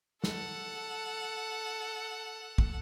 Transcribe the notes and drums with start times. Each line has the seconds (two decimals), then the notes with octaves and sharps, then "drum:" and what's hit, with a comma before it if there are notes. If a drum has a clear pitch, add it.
0.24 A4 F#5, drum: snare
2.58 drum: kick